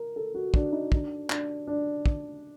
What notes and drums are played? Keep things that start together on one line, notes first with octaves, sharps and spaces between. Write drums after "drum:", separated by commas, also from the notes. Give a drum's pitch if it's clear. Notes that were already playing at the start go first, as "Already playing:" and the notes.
Already playing: A#4
A4
F#4
D4, drum: kick
D#4
D4, drum: kick
D4, drum: clap
D4
drum: kick